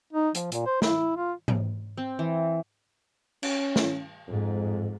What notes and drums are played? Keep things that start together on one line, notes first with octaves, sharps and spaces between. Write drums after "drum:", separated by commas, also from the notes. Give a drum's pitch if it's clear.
D#4
F3, drum: hi-hat
A#2, drum: hi-hat
C5
E4, drum: snare
F4
drum: tom G#2
C4
E3
C#4, drum: cymbal
drum: snare
F2 G#2